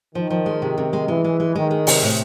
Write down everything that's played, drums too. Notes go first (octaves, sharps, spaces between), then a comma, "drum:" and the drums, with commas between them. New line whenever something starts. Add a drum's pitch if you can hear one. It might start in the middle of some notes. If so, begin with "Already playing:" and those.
D#3 F3
F3
G#3
C3
C3
G#3
E3 G#3
G#3
G#3
D#3 G#3
G#3
C3, drum: open hi-hat
A2